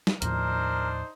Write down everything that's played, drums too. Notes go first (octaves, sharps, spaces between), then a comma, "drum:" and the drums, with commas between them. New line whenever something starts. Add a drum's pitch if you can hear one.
drum: snare
D#2 A2 F3 D4 D#4 A#4 C5, drum: hi-hat